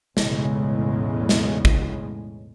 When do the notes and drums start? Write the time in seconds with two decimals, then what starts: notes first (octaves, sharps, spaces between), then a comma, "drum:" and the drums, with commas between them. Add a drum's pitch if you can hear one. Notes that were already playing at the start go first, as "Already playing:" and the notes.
0.17 B1 E2 A2 C#3 G#3, drum: snare
1.29 drum: snare
1.65 drum: kick